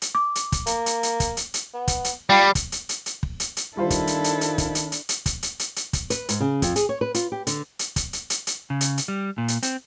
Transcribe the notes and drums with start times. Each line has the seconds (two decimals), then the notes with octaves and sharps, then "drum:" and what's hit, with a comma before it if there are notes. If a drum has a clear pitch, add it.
0.02 drum: hi-hat
0.15 D6
0.35 drum: hi-hat
0.52 drum: kick, hi-hat
0.66 A#3, drum: hi-hat
0.86 drum: hi-hat
1.03 drum: hi-hat
1.20 drum: kick, hi-hat
1.37 drum: hi-hat
1.54 drum: hi-hat
1.74 B3
1.88 drum: kick, hi-hat
2.04 drum: hi-hat
2.30 G3 F4 G5 B5 C7
2.55 drum: kick, hi-hat
2.72 drum: hi-hat
2.89 drum: hi-hat
3.06 drum: hi-hat
3.23 drum: kick
3.40 drum: hi-hat
3.57 drum: hi-hat
3.77 D#3 G3 D4 E4 F4 A4 C5
3.90 drum: kick, hi-hat
4.07 drum: hi-hat
4.24 drum: hi-hat
4.41 drum: hi-hat
4.58 drum: kick, hi-hat
4.75 drum: hi-hat
4.92 drum: hi-hat
5.09 drum: hi-hat
5.26 drum: kick, hi-hat
5.43 drum: hi-hat
5.59 drum: hi-hat
5.76 drum: hi-hat
5.93 drum: kick, hi-hat
6.10 B4, drum: hi-hat
6.29 G#2, drum: hi-hat
6.40 C#3
6.62 F2, drum: kick, hi-hat
6.76 G#4, drum: hi-hat
6.89 C#5
7.01 B4
7.14 F4, drum: hi-hat
7.32 G4
7.47 D3, drum: hi-hat
7.79 drum: hi-hat
7.96 drum: kick, hi-hat
8.13 drum: hi-hat
8.30 drum: hi-hat
8.47 drum: hi-hat
8.70 C#3
8.81 drum: hi-hat
8.98 drum: hi-hat
9.08 G3
9.38 A#2
9.48 drum: hi-hat
9.63 C4, drum: hi-hat